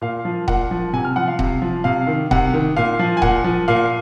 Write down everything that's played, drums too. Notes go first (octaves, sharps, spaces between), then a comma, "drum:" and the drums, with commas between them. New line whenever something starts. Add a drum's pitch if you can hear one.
A#2 F5
F3
A#2 F#5, drum: kick D#1
F3
C3 G#5
F6
F3 F#5
F5
C3, drum: kick D#1
F3
C3 F5
D#3
C3 F#5, drum: kick D#1
D#3
A#2 F5
F3
G#5
A#2 F#5, drum: kick D#1
F3
A#2 F5